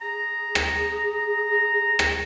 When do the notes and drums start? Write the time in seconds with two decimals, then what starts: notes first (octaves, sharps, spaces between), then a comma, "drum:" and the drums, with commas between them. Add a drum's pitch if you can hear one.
0.01 G#4 A#5
0.55 drum: rim click
1.99 drum: rim click